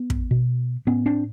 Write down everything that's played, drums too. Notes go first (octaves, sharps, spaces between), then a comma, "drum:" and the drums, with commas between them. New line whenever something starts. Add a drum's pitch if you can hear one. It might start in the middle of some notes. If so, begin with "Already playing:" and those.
Already playing: B3
drum: kick
B2
A2 B3 C#4
C4 D4